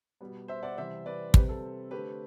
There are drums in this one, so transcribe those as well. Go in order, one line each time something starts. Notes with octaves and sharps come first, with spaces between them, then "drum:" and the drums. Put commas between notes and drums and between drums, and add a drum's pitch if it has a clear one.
B2 G3 B3
C5 E5
D5 F#5
C3 E3 G3 C4 C5 E5
B4 D5
C3 G3 C4 G4 B4, drum: kick
A4
D3 A3 C4 G4 B4